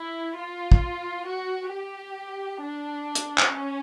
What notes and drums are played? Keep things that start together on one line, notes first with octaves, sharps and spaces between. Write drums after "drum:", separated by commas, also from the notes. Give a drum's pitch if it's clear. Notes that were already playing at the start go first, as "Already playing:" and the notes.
Already playing: E4
F4
drum: kick
F#4
G4
D4
drum: hi-hat
drum: clap
C#4